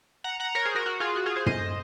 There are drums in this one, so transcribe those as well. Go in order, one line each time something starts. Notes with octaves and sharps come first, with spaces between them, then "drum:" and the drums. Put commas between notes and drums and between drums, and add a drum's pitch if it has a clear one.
F#5 A#5
F#5 A#5
A#4 C#5
G#4 C5
F#4 A#4
F#4
F4 G#4
F#4
F4 G#4
G#4 C5
C5 D#5, drum: tom